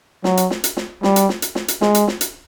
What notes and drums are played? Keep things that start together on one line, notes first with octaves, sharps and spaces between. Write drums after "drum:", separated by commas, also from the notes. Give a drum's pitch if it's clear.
F#3, drum: snare
drum: hi-hat
drum: snare
drum: hi-hat
drum: snare
G3, drum: snare
drum: hi-hat
drum: snare
drum: hi-hat
drum: snare
drum: hi-hat
G#3, drum: snare
drum: hi-hat
drum: snare
drum: hi-hat